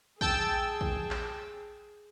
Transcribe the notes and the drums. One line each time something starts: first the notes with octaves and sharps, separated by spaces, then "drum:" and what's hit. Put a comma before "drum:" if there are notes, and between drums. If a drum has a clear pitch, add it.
G#4 G5 A5 E6, drum: kick
drum: kick
drum: clap